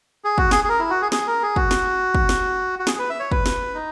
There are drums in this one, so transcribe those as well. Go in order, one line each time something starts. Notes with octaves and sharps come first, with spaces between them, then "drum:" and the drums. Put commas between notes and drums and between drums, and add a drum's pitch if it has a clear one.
G#4
F#4, drum: kick
G#4, drum: snare
G#4
A#4
E4
F#4
G#4
G#4, drum: snare
A#4
G#4
F#4, drum: kick
drum: snare
drum: kick
drum: snare
F#4
G#4, drum: snare
B4
E5
C#5
B4, drum: kick
drum: snare
D#4